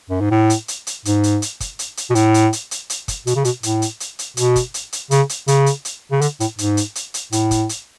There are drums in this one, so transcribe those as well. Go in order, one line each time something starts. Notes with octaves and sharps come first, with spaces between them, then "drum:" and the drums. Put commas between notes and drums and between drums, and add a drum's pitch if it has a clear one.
F#2
G#2
A2
drum: hi-hat
drum: hi-hat
drum: hi-hat
G#2, drum: hi-hat
drum: hi-hat
drum: hi-hat
drum: kick, hi-hat
drum: hi-hat
drum: hi-hat
B2
A2, drum: hi-hat
drum: hi-hat
drum: hi-hat
drum: hi-hat
drum: hi-hat
drum: kick, hi-hat
B2, drum: hi-hat
C#3
B2, drum: hi-hat
A2, drum: hi-hat
drum: hi-hat
drum: hi-hat
drum: hi-hat
B2, drum: hi-hat
drum: kick, hi-hat
drum: hi-hat
drum: hi-hat
C#3, drum: hi-hat
drum: hi-hat
C#3, drum: hi-hat
drum: hi-hat
drum: hi-hat
C#3
D3, drum: hi-hat
A2, drum: hi-hat
G#2, drum: hi-hat
drum: hi-hat
drum: hi-hat
drum: hi-hat
A2, drum: hi-hat
drum: kick, hi-hat
drum: hi-hat